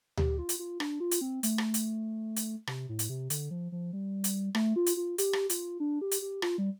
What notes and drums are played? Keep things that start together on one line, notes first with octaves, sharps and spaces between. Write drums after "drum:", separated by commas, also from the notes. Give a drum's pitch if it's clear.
G4, drum: tom D2
F4
drum: hi-hat
F4
D4, drum: rim click
F4
drum: hi-hat
C4
A3, drum: hi-hat
drum: rim click
drum: hi-hat
drum: hi-hat
C3, drum: rim click
A2
drum: hi-hat
C3
D3, drum: hi-hat
F3
F3
G3
drum: hi-hat
A3, drum: rim click
F4
drum: hi-hat
F4
G4, drum: hi-hat
drum: rim click
F4, drum: hi-hat
D4
G4
drum: hi-hat
G4
F4, drum: rim click
G3